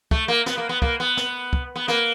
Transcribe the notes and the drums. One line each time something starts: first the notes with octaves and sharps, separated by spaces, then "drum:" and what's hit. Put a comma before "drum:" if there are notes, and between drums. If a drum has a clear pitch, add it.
A3, drum: kick
A#3
B3, drum: snare
A#3
B3
A#3, drum: kick
B3
drum: snare
drum: kick
B3
A#3, drum: snare